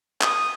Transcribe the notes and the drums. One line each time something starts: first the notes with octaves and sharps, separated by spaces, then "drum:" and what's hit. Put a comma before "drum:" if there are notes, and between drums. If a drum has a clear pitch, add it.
D#6, drum: clap